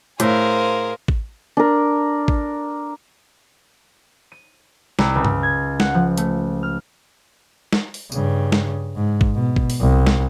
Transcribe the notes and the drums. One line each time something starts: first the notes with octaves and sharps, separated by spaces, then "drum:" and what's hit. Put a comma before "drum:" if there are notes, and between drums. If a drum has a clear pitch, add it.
A2 G#4 A#4 C5 F5, drum: hi-hat
drum: kick A1
D4 A#4
drum: kick A1
D#7
C2, drum: snare
C#2
drum: tom G2
G#6
F#5, drum: snare
F3
A3, drum: hi-hat
F6
drum: snare
drum: open hi-hat
G2 C#3, drum: tambourine
drum: snare
G#2
drum: kick A1
B2
drum: kick A1
drum: open hi-hat
C2
drum: snare